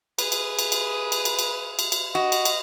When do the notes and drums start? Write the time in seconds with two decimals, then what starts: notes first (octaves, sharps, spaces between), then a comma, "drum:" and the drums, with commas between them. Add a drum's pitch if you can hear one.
0.19 G#4 B4 D#6, drum: cymbal
0.32 drum: cymbal
0.59 drum: cymbal
0.72 drum: cymbal
1.12 drum: cymbal
1.25 drum: cymbal
1.39 drum: cymbal
1.79 drum: cymbal
1.92 drum: cymbal
2.15 F#4 D#5
2.32 drum: cymbal
2.45 drum: cymbal